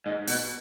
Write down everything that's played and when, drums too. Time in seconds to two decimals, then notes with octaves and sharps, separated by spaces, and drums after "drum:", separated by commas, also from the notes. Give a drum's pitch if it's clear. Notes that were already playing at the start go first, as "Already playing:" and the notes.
0.06 G#2
0.28 B2, drum: open hi-hat